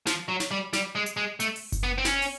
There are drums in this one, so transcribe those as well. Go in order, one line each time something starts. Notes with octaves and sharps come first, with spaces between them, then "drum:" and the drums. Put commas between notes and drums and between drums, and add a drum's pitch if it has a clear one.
F3, drum: snare
F#3
drum: snare
G3
G3, drum: snare
G#3
drum: hi-hat
G#3
A3, drum: hi-hat
drum: open hi-hat
drum: kick F#1, hi-hat
B3
C4
C#4, drum: snare
drum: open hi-hat